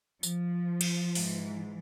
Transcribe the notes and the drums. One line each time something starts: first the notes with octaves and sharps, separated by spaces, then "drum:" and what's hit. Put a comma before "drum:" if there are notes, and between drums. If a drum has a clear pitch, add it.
F3, drum: tambourine
drum: cymbal
G#2 E3, drum: open hi-hat